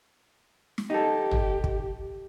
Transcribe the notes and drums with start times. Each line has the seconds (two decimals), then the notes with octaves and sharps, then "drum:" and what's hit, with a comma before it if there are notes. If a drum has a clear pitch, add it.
0.78 drum: snare
0.90 D#4 G4 A4
1.31 drum: tom
1.64 drum: kick